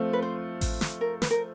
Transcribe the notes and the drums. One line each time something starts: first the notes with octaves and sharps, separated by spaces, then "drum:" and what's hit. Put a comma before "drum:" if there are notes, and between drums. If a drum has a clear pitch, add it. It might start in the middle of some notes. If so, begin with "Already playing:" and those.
Already playing: F3 A3 C4 F4
B4
C5
drum: kick A1, open hi-hat
drum: snare
A#4
B4, drum: snare
A#4